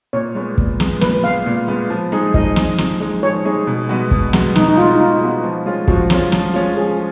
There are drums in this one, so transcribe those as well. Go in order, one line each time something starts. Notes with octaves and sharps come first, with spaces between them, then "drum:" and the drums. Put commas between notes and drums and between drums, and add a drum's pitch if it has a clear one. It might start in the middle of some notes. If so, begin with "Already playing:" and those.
A#2 C#5
G#3 B3
A#2, drum: kick
G#3 B3, drum: snare
A#2 B4, drum: snare
G#3 B3 F5
A#2
G#3 B3
F3
G#3 D#4 G#4
F3 D#5, drum: kick
G#3 D#4 G#4, drum: snare
F3, drum: snare
G#3 D#4 G#4
F3 C#5
G#3 D#4 G#4
B2
G#3 B3 F#4
B2, drum: kick
G#3 B3 F#4, drum: snare
B2 D#4, drum: snare
D#4
G#3 B3 F4 F#4
D#4
B2 F4
G#3 B3 F#4
F3
G#3 C#4 F4
F3 F#4, drum: kick
G#3 C#4 F4, drum: snare
F3, drum: snare
G#3 C#4 F4
F3 G#4